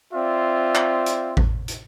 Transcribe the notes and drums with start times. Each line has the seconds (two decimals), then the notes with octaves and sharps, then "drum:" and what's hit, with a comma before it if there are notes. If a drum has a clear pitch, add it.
0.13 C4 F4 D5 E5
0.75 drum: clap
1.06 drum: hi-hat
1.37 drum: kick A1
1.68 drum: hi-hat